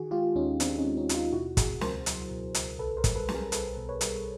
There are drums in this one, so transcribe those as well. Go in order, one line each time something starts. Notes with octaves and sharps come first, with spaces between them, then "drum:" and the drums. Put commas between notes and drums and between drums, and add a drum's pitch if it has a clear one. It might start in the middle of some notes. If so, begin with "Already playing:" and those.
Already playing: D#3 F#4 G#4
G#3 F4 G4
D#2 C#4 D#4
D#3 C4 D4, drum: hi-hat
C#4 D#4
G#3
C#4 D#4
D#2, drum: hi-hat
D#4 F4
B2 E4 F#4
B2 F#4 G#4, drum: kick, hi-hat
C#2 A#4 C5, drum: snare
F#3, drum: hi-hat
B2
C#2, drum: hi-hat
B1 A4 B4
A#4 C5
G3, drum: kick, hi-hat
A4 B4
G3, drum: snare
G#4 A#4
B1 A4 B4, drum: hi-hat
B2
B4 C#5
G3, drum: hi-hat